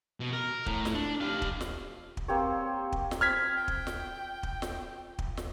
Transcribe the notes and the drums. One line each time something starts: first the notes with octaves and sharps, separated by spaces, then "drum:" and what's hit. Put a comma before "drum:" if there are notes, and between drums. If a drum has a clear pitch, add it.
B2
A#4
A2, drum: kick
drum: snare
D4
G4 F5
drum: kick
drum: snare
drum: kick
A#3 C4 G4 C#5
drum: kick
drum: snare
C4 F6 G#6 B6
G5
drum: kick
drum: snare
drum: kick
drum: snare
drum: kick
drum: snare